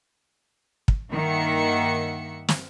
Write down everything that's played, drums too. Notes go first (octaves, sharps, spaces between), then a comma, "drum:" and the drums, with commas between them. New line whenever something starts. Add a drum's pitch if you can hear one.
drum: kick
G2 D#3 A#3 E5 F#5 C#7
drum: snare